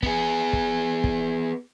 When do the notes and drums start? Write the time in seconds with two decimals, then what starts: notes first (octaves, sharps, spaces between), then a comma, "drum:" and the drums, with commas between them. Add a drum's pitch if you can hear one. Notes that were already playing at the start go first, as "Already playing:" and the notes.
0.03 B3 G#4, drum: kick
0.53 drum: kick
1.04 drum: kick